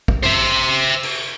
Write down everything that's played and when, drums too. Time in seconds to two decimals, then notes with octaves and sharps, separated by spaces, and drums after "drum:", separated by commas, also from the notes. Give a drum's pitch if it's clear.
0.08 drum: kick
0.24 C5 E5, drum: tom F#2
1.03 drum: cymbal